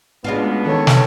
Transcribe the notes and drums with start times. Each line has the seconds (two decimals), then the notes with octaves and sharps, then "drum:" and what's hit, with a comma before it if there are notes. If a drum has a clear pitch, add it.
0.24 B2 G#3 B3 C#4 D4 F4
0.64 D#3 A4 C#5
0.87 drum: snare